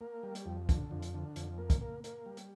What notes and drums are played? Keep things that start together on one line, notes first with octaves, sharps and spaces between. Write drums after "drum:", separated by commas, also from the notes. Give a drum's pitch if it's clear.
A#3
G3
drum: hi-hat
F2
D3, drum: kick, hi-hat
F2
drum: hi-hat
D3
F2, drum: hi-hat
A#3
drum: kick, hi-hat
A#3
A#3, drum: hi-hat
G3
drum: hi-hat